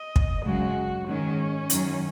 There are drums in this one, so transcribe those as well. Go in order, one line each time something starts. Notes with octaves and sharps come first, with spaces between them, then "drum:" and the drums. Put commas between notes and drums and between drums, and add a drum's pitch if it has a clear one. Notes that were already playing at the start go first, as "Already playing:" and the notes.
Already playing: D#5
drum: kick
F#2 C#3 G#3 F#4
G#2 D#3 G#3 C#4
F#2 D#3 F#3, drum: hi-hat